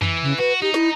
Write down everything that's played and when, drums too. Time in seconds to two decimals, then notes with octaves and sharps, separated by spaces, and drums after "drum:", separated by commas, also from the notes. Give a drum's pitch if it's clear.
0.02 E3, drum: tom F2
0.23 C#3
0.39 F#4 B4
0.62 D#4 G4
0.74 E4, drum: snare